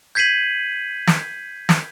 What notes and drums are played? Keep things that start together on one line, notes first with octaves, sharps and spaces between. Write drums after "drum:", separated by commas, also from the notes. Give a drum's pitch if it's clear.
G6 G#6 B6 C7 D#7 F#7
drum: snare
drum: snare